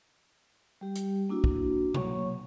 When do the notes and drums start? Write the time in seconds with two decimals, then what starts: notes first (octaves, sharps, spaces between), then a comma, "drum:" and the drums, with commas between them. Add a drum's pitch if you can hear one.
0.81 G3 G4
0.95 drum: hi-hat
1.29 A#3 D4 E4 F#4
1.44 drum: kick
1.94 F#3 A#3 C#5 C#6, drum: tom B2